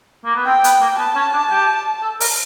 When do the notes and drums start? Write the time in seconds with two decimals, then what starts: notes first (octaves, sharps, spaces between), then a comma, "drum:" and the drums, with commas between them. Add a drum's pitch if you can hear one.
0.25 A#3
0.36 B3
0.46 C4 G5
0.64 B3, drum: hi-hat
0.81 A#3
0.98 B3 A5
1.16 C#4
1.34 D4
1.50 G4
2.02 A4
2.20 A#4, drum: open hi-hat